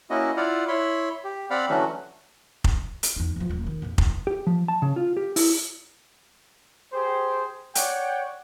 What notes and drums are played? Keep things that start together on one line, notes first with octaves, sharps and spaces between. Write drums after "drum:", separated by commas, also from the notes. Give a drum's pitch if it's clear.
A#3 C#4 E4 F#4 D#5
E4 F4 D5 F5 F#5
E4 C#5 B5 C6
G4
C4 D5 F5 F#5 B5
D3 E3 F#3 A3 C#4 F#4
drum: kick F1
drum: hi-hat
E2 D#4
E2 F3
D#1 A#3
D#3
A#1 F2
D#1, drum: kick F1
G4
F3
A5
C#3
F4
G4
E4, drum: open hi-hat
G4 G#4 C5
C#5 D5 F#5 G5, drum: hi-hat